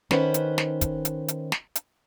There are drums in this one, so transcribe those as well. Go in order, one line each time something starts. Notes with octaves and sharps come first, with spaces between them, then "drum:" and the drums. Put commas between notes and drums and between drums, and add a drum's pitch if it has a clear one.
D#3 C#4 B4 C5 F#5, drum: snare
drum: hi-hat
drum: snare
drum: kick, hi-hat
drum: hi-hat
drum: hi-hat
drum: snare
drum: hi-hat